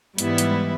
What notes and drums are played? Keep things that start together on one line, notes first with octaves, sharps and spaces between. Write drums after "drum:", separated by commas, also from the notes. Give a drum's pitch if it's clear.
G#2 E3 G3 B3 E4, drum: hi-hat
drum: hi-hat